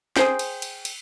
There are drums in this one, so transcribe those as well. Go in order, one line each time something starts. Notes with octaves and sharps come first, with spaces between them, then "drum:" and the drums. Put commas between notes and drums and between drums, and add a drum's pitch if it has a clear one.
G#4 C5 G5, drum: snare
drum: cymbal
drum: cymbal
drum: cymbal